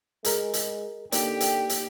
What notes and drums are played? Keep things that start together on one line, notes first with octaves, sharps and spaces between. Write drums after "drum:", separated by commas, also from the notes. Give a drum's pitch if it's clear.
G#3 G#4 A#4, drum: hi-hat
drum: hi-hat
D3 A#3 D#4 G4 D5 G5, drum: hi-hat
drum: hi-hat
drum: hi-hat